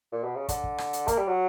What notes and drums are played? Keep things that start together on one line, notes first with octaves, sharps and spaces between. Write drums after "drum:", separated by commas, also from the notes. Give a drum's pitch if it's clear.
A#2
B2
C#3
D3, drum: kick, hi-hat
drum: kick
drum: rim click
drum: hi-hat
A#3, drum: kick, hi-hat
G3
F#3